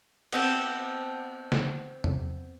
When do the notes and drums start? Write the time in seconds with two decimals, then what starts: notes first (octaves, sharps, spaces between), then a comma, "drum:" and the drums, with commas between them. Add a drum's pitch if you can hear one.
0.32 B3 C4 A5, drum: cymbal
1.52 drum: snare
2.04 drum: tom E2